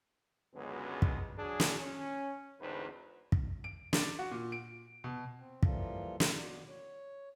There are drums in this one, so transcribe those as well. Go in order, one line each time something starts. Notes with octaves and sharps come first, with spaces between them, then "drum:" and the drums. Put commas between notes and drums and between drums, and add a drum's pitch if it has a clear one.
C#2 F#2 B2 D3 G#3 B3
drum: kick
F#3 D4 F#4 G#4
drum: snare
C#4
G#1 E2 D3 D#3 B4 C5
drum: kick
D7
D4, drum: snare
F#4
A#2
D7
B2
C4
E3 F3 G3 A#3 F4 A4, drum: kick
drum: snare
B2 F#4 D5
C#5